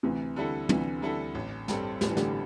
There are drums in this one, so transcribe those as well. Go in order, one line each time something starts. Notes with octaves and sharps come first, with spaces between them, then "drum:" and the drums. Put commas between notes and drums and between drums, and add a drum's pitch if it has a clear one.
D2 C3 E3
D3 G3 E4 A4
D2 C3 E3, drum: tom
D3 G3 E4 A4
A1
G2 G3 C4 A4, drum: snare
A1 G3, drum: snare
E3
D3 G3, drum: snare